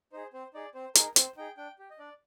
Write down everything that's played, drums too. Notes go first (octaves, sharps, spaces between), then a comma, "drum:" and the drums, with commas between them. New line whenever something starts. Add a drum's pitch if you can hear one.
D#4 G#4 C5
C4 C5
D#4 G#4 D5
C4 C5
D#4 G#4 A#4, drum: hi-hat
C4 C5, drum: hi-hat
D#4 G#4 G5
D4 G5
G4
D#5
D4 D5